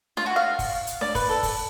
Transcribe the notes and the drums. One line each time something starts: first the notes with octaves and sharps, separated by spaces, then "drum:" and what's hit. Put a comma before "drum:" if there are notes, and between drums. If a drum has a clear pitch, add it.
F4, drum: snare D4
F#4
F5
drum: kick, open hi-hat
drum: hi-hat
D5, drum: snare D4
B4, drum: kick, open hi-hat
A4
drum: kick, open hi-hat